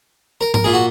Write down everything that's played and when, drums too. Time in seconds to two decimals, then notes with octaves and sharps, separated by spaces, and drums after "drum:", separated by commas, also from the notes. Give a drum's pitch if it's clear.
0.41 A#4
0.54 A#4, drum: tom G#2
0.64 A#2 G#4
0.73 F#4